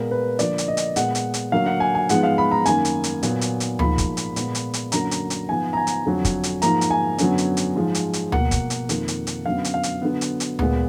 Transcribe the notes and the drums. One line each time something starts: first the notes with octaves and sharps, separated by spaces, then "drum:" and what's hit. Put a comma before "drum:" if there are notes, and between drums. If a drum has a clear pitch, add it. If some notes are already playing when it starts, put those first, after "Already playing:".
Already playing: A#2 G#3 B3 A#4
B4
D3 F3 A#3 D5, drum: hi-hat
drum: hi-hat
D#5
drum: hi-hat
A#2 G#3 B3 F#5, drum: hi-hat
drum: hi-hat
drum: hi-hat
D3 F#3 A#3 F5
F#5
G#5
G#5
G#2 F3 G#3 B3 F#5, drum: hi-hat
F5
B5
A#5
F#2 D#3 A#3 G#5, drum: hi-hat
drum: hi-hat
drum: hi-hat
A#2 F#3 B3, drum: hi-hat
drum: hi-hat
drum: hi-hat
G#2 F3 A#3 B5, drum: tom D2
drum: kick, hi-hat
drum: hi-hat
A#2 G#3 B3, drum: hi-hat
drum: hi-hat
drum: hi-hat
F#2 D3 F#3 A#3 A#5, drum: hi-hat
drum: hi-hat
drum: hi-hat
G#2 F3 B3 G#5
A#5
G#5
drum: hi-hat
F2 D3 F#3
drum: kick, hi-hat
drum: hi-hat
G#2 F3 A#3 A#5, drum: hi-hat
drum: hi-hat
G#5
F#2 D3 F#3 B3, drum: hi-hat
drum: hi-hat
drum: hi-hat
G#2 F3 G#3
drum: hi-hat
drum: hi-hat
B2 A#3 F#5, drum: tom D2
drum: kick, hi-hat
drum: hi-hat
F2 D#3 A#3, drum: hi-hat
drum: hi-hat
drum: hi-hat
F#2 D3 F#3 B3 F5
drum: hi-hat
F5
drum: hi-hat
D3 F#3 B3
drum: hi-hat
drum: hi-hat
A#2 G#3 B3, drum: tom D2